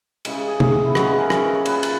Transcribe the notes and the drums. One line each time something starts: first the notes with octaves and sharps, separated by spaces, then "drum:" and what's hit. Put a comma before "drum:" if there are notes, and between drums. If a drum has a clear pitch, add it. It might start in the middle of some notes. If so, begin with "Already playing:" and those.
C#3 E3 G#3, drum: cymbal
G#4
drum: tom
F#4
E4
C#3 E3 G#3 F#4, drum: rim click
G#4
A#4
drum: rim click
B4
C#5
A#2 F#3 B4, drum: cymbal
drum: cymbal